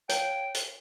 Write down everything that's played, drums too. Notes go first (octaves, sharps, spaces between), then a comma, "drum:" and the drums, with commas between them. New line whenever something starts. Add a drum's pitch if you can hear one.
C#5 G5, drum: hi-hat
drum: hi-hat